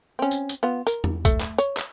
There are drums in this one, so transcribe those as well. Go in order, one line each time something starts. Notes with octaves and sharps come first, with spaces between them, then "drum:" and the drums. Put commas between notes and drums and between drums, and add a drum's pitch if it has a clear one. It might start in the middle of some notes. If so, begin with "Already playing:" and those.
C4 C#4
drum: tambourine
drum: tambourine
B3 F4
A#4, drum: tambourine
drum: tom E2
A3, drum: kick, tambourine
drum: clap
C#5, drum: tambourine
drum: clap